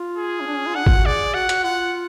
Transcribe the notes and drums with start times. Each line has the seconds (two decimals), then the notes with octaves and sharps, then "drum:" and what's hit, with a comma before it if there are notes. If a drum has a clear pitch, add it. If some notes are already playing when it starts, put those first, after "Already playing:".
Already playing: F4
0.17 G#4
0.41 C#4
0.47 D4
0.57 C#4
0.67 F4
0.76 D4 F#5
0.87 F4, drum: kick G#1
0.96 F#4
1.06 G#4 D5
1.34 F#4 F#5
1.49 F#4, drum: hi-hat
1.64 F4 F#5